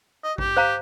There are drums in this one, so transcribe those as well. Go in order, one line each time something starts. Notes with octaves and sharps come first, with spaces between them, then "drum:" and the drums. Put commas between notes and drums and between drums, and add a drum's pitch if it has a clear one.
D#5
G4, drum: kick A1
C5 F5 A#5